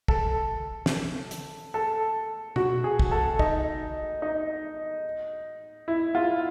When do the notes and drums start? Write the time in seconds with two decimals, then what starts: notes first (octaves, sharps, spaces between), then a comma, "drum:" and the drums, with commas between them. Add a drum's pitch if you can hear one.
0.08 A4, drum: kick
0.86 drum: snare
1.31 drum: hi-hat
1.74 A4
2.56 F#4, drum: tom B2
2.84 G#4
2.99 drum: kick
3.11 A4
3.39 D#4, drum: kick
4.22 D#4
5.88 E4
6.15 F4